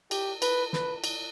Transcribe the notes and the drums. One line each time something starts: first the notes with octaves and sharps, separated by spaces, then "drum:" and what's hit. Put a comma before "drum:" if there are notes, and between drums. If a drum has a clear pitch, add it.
G4, drum: cymbal
B4, drum: cymbal
B4, drum: snare
drum: cymbal